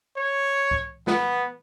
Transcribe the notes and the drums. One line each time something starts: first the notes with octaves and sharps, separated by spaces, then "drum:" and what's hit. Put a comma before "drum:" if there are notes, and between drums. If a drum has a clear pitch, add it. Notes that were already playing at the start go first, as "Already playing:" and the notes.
C#5
drum: kick C2
B3, drum: snare